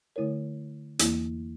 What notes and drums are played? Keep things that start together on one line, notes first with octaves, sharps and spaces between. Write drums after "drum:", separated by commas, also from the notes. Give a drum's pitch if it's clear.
D3 A3 E4 A#4 C#5
E2 E3 A#3 E4, drum: hi-hat